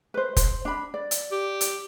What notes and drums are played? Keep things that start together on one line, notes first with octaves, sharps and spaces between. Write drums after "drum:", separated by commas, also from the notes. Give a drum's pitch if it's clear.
B4 C5
C5, drum: kick F1, hi-hat
D4 B5
D5
drum: hi-hat
G4
drum: hi-hat